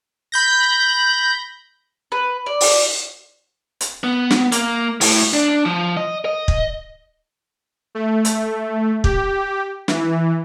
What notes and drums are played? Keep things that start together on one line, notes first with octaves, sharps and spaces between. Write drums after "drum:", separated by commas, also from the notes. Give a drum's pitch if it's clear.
B5 G6 A#6
B4
D5
drum: open hi-hat
drum: hi-hat
B3
drum: snare
A#3, drum: hi-hat
A2, drum: open hi-hat
D4
F3
D#5
D#5
drum: kick
A3
drum: hi-hat
G4, drum: kick
E3, drum: snare